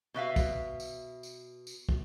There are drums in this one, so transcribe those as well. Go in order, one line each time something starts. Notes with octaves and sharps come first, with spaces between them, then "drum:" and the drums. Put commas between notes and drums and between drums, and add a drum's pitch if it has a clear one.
B2 B4 E5 F5
drum: kick, tambourine
drum: tambourine
drum: tambourine
drum: tambourine
drum: kick